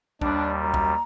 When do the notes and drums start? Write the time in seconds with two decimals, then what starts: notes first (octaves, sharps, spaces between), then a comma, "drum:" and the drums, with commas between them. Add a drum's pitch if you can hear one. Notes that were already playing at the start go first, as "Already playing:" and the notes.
0.21 D#2 G3 D4, drum: kick
0.61 F#2 A#5
0.74 drum: kick